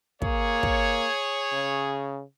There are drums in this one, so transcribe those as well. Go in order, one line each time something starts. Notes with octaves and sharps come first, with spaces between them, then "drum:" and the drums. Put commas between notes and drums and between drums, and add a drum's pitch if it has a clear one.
A#3 G#4 C#5, drum: kick
drum: kick
C#3